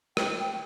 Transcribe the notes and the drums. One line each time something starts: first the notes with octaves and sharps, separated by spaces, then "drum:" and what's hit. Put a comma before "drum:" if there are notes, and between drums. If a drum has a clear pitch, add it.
G5, drum: rim click